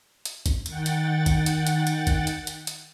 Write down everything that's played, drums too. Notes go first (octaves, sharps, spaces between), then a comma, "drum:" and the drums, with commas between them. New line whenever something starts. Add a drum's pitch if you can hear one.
drum: hi-hat
drum: kick A1, hi-hat
D#3 F#5 G5 A6, drum: hi-hat
drum: hi-hat
drum: kick A1, hi-hat
drum: hi-hat
drum: hi-hat
drum: hi-hat
drum: kick A1, hi-hat
drum: hi-hat
drum: hi-hat
drum: hi-hat